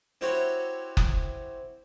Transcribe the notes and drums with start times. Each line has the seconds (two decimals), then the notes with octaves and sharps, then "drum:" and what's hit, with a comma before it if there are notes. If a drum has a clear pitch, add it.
0.21 C4 E4 F#4 G4 C#5
0.97 drum: kick F#1